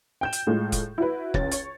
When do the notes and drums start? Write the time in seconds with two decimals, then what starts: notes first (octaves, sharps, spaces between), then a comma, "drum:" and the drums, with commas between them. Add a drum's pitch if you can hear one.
0.21 G5 G6 E7
0.33 drum: hi-hat
0.47 A2 G#3 F4
0.72 drum: kick, hi-hat
0.98 E4 F#4 B4
1.34 C#2 C#4 A6, drum: kick
1.52 C#5, drum: hi-hat